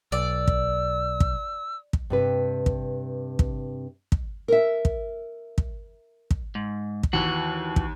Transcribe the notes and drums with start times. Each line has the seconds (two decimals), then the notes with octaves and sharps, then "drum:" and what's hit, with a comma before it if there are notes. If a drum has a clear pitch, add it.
0.12 B1 D5 E6
0.48 drum: kick
1.20 drum: kick
1.93 drum: kick
2.10 G2 C3 B4
2.66 drum: kick
3.39 drum: kick
4.12 drum: kick
4.48 A#4 E5
4.85 drum: kick
5.58 drum: kick
6.31 drum: kick
6.55 G#2
7.03 drum: kick
7.13 D#2 E3 F#4
7.76 drum: kick